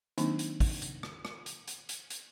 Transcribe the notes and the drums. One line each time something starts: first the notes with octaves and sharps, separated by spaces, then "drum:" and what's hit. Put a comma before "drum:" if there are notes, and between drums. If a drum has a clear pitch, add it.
D#3 F#3 A#3 C4 D4 D#4, drum: hi-hat
drum: hi-hat
drum: kick, open hi-hat
drum: hi-hat
drum: rim click
drum: rim click
drum: hi-hat
drum: hi-hat
drum: hi-hat
drum: hi-hat